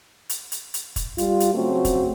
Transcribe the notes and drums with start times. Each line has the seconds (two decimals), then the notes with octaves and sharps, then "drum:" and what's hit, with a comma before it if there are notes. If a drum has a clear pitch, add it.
0.29 drum: hi-hat
0.52 drum: hi-hat
0.74 drum: hi-hat
0.96 drum: kick, hi-hat
1.18 G3 F4, drum: hi-hat
1.40 drum: hi-hat
1.54 C#3 F#3 A3 C4 F#4
1.85 drum: kick, hi-hat